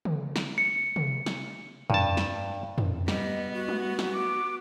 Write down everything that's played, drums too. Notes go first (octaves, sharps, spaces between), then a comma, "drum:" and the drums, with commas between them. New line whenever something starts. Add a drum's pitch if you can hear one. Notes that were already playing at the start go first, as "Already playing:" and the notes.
drum: tom
drum: snare
C#7
drum: tom C3
drum: snare
G2 A5, drum: tom F2
drum: snare
drum: tom F2
G3 B3 D#5, drum: snare
F#4
drum: tom G3
drum: snare
D6